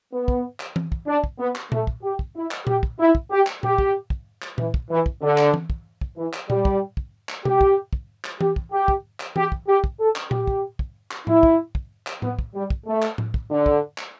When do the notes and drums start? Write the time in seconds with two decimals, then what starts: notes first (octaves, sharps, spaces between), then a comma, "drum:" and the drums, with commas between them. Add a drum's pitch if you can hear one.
0.13 B3
0.28 drum: kick
0.60 drum: clap
0.76 drum: tom E3
0.92 drum: kick
1.07 D4
1.24 drum: kick
1.39 B3
1.55 drum: clap
1.72 A3, drum: tom A#2
1.87 drum: kick
2.03 G4
2.19 drum: kick
2.35 E4
2.51 drum: clap
2.67 G4, drum: tom A#2
2.83 drum: kick
2.99 E4
3.15 drum: kick
3.31 G4
3.47 drum: clap
3.63 G4, drum: tom A#2
3.78 drum: kick
4.10 drum: kick
4.42 drum: clap
4.58 E3, drum: tom A#2
4.74 drum: kick
4.90 E3
5.06 drum: kick
5.22 D3
5.38 drum: clap
5.54 drum: tom E3
5.70 drum: kick
6.01 drum: kick
6.17 E3
6.33 drum: clap
6.50 G3, drum: tom A#2
6.65 drum: kick
6.97 drum: kick
7.29 drum: clap
7.45 G4, drum: tom B2
7.61 drum: kick
7.93 drum: kick
8.24 drum: clap
8.41 G4, drum: tom E3
8.56 drum: kick
8.72 G4
8.88 drum: kick
9.20 drum: clap
9.36 G4, drum: tom E3
9.52 drum: kick
9.68 G4
9.84 drum: kick
10.00 A4
10.16 drum: clap
10.31 G4, drum: tom A#2
10.47 drum: kick
10.79 drum: kick
11.11 drum: clap
11.27 E4, drum: tom A2
11.43 drum: kick
11.75 drum: kick
12.07 drum: clap
12.22 B3, drum: tom A2
12.39 drum: kick
12.54 G3
12.70 drum: kick
12.86 A3
13.02 drum: clap
13.18 drum: tom A2
13.34 drum: kick
13.50 D3
13.66 drum: kick
13.98 drum: clap